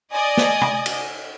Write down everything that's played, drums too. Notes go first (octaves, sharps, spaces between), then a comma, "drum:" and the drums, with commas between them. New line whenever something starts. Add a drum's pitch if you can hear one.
D5 D#5 G#5
drum: snare
drum: tom
drum: cymbal